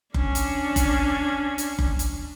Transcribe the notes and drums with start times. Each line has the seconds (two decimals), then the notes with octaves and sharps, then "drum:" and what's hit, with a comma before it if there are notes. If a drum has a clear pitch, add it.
0.14 C#4 D4, drum: kick F#1
0.35 drum: hi-hat
0.76 drum: kick F#1, hi-hat
1.58 drum: hi-hat
1.79 drum: kick F#1
1.99 drum: hi-hat